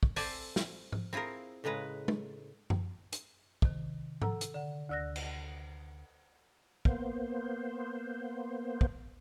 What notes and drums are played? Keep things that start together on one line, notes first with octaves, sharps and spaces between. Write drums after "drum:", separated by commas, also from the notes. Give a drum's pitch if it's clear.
drum: kick
C4 A4 C5 D5 E5 G#5, drum: open hi-hat
drum: snare
drum: tom G#2
C4 E4 F4 G#4 A#4
A2 C#3 G#3 B4 A#5
drum: tom G#3
drum: tom F#2
drum: hi-hat
C3 D#3, drum: kick
A4 F#5 A#5 E6, drum: tom G#2
drum: hi-hat
D3 F#5
D2 D5 E6 F#6 A#6
drum: cymbal
A#3 B3 C5, drum: kick
drum: kick